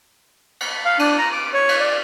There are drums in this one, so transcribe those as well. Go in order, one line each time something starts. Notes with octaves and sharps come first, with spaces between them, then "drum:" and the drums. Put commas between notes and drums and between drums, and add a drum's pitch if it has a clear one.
drum: cymbal
F5
D4, drum: cymbal
A#5
D6
C#5
drum: cymbal
D5